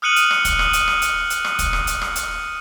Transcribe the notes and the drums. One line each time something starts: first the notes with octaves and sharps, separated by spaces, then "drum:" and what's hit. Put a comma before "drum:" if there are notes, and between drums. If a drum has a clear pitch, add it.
D#6 F6 F#6 C#7 D#7 F#7
drum: hi-hat
drum: rim click
drum: kick, hi-hat
drum: rim click
drum: hi-hat
drum: rim click
drum: hi-hat
drum: hi-hat
drum: rim click
drum: kick, hi-hat
drum: rim click
drum: hi-hat
drum: rim click
drum: hi-hat